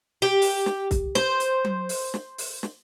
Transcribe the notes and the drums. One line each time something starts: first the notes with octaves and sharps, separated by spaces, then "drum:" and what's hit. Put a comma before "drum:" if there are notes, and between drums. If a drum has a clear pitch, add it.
G4
drum: open hi-hat
drum: snare
drum: kick C2, hi-hat
C5, drum: snare
drum: hi-hat
drum: tom F#3
drum: open hi-hat
drum: snare
drum: open hi-hat
drum: snare